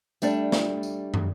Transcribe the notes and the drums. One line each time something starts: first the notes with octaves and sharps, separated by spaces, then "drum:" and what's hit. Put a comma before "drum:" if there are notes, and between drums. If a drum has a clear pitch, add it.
G3 A3 D4, drum: tambourine
drum: snare
drum: tambourine
drum: tom